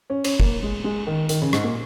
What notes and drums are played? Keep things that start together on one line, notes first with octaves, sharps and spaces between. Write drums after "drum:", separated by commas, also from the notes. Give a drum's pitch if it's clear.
C#4
C#4, drum: cymbal
A#3, drum: kick
G#3
G#3
D#3
D#3, drum: hi-hat
C#3
G#2, drum: rim click
A#2